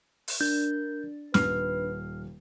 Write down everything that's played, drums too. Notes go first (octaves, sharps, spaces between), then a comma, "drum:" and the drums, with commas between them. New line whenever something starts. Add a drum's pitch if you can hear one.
drum: open hi-hat
D4 A#4 G6
D#1 B4 F6 C7, drum: snare